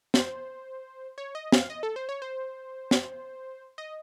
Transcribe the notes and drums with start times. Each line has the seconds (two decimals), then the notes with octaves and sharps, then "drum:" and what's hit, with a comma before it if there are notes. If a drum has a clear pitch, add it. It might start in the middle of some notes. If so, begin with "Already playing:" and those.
0.14 C5, drum: snare
1.18 C#5
1.35 D#5
1.52 F5, drum: snare
1.70 D#5
1.83 A4
1.96 C5
2.09 C#5
2.22 C5
2.91 drum: snare
3.78 D#5